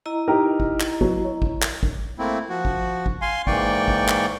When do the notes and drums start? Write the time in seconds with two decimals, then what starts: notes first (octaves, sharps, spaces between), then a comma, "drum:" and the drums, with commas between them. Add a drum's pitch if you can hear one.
0.06 E4 D#5 A#5
0.28 D#4 G4 A#4
0.60 drum: kick A1
0.80 drum: clap
1.01 F#3, drum: kick A1
1.25 C#5
1.42 drum: kick A1
1.62 drum: clap
1.83 drum: kick A1
2.19 A3 A#3 C4 E4
2.50 F3 F#4
2.65 drum: kick A1
3.06 drum: kick A1
3.22 F5 G#5 C6
3.47 G#2 E3 A#3 D5 G5 C#6, drum: kick A1
3.88 drum: kick A1
4.08 drum: clap